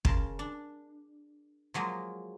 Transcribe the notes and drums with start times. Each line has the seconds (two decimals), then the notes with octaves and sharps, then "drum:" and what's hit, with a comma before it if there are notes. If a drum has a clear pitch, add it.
0.05 C#3 A#4 A5 C6, drum: kick
0.39 D4
1.74 F3 F#3 G#3 A#3